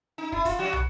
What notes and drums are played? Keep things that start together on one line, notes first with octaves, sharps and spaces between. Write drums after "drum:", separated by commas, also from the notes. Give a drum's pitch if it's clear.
D#4
E4, drum: kick
F4, drum: kick, hi-hat
F#3 F#4
drum: tom